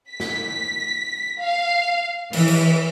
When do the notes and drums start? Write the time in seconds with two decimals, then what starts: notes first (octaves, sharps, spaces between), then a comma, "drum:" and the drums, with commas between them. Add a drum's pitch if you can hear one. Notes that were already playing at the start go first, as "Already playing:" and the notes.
0.11 B6
0.20 drum: snare
1.40 F5
2.33 E3, drum: cymbal
2.48 drum: cymbal